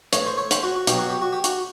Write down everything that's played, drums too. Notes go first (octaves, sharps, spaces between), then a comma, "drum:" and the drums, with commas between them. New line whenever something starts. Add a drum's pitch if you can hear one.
A2 E3 C#5, drum: hi-hat
C5
C#5
C5, drum: hi-hat
F#4
F#4
B2 F#3 G4, drum: hi-hat
F#4
G4
F#4
G4
F#4, drum: hi-hat